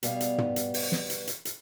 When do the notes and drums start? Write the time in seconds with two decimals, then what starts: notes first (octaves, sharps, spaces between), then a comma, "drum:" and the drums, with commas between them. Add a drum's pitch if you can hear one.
0.03 B2 G3 B3 F5, drum: hi-hat
0.20 drum: hi-hat
0.38 drum: tom
0.56 drum: hi-hat
0.74 drum: open hi-hat
0.92 drum: snare
1.10 drum: hi-hat
1.27 drum: hi-hat
1.45 drum: hi-hat